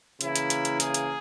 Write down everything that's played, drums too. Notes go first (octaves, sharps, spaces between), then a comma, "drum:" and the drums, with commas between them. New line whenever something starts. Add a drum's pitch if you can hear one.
C#3 E3 A#3 E4, drum: hi-hat
drum: hi-hat
drum: hi-hat
drum: hi-hat
G#4, drum: hi-hat
drum: hi-hat